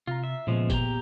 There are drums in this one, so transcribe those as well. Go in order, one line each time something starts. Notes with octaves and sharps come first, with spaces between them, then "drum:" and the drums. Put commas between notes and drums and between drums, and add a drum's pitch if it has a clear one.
C3 F4 A#5
E5
A#2 C#3 F3 G#3 B3
G4 G5 A#5, drum: kick, tambourine